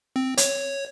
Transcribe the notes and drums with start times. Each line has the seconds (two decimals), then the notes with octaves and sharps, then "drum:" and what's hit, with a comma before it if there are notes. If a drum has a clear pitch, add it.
0.16 C4
0.38 C#5, drum: hi-hat